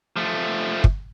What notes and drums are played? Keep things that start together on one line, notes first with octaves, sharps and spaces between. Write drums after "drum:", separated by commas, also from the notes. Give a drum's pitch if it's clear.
F3 A3
drum: kick